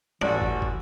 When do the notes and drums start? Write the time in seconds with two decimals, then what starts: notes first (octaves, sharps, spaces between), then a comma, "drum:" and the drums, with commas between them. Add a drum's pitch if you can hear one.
0.22 A1 E3 D4 F#4 A4
0.42 drum: kick
0.62 drum: kick